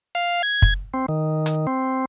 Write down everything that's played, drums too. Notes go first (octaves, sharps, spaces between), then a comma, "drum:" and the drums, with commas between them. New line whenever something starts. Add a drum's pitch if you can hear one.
F5
G#6
drum: kick
C4
D#3
drum: hi-hat
C4